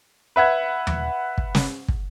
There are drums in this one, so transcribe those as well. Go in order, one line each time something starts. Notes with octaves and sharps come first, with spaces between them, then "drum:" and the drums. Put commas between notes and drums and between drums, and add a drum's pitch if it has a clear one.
B4 E5 F#5 G#6
drum: tom D#2
drum: kick
drum: snare
drum: kick